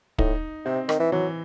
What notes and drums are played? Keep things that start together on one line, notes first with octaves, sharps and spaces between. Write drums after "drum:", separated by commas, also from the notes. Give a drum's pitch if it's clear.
A2 D#4, drum: kick
C3 C4
D#3, drum: rim click
E3
E3 F#3